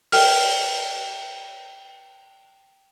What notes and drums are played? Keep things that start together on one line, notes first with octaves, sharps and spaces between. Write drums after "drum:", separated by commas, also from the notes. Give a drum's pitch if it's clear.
G5 F6, drum: open hi-hat